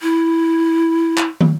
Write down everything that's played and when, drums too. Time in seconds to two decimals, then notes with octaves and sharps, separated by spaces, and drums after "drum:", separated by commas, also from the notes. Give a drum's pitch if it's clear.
0.01 E4
1.17 drum: clap
1.41 drum: tom